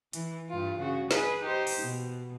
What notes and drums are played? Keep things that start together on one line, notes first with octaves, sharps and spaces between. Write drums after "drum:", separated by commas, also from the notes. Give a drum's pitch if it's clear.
E3, drum: hi-hat
G2 F4
C#3 F#4
G#4 B4, drum: snare
D#4 G4 C5
drum: open hi-hat
B2